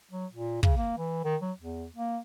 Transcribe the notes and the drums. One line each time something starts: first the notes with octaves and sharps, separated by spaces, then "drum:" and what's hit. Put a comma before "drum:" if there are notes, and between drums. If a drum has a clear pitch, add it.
F#3
A#2
C#3, drum: kick
A#3
E3
D#3
F#3
E2
A#3